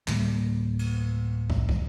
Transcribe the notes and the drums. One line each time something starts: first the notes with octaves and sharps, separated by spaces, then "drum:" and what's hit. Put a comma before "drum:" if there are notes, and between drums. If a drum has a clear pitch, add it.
D2 A2 G3 A#3, drum: clap
drum: cymbal
drum: kick
drum: kick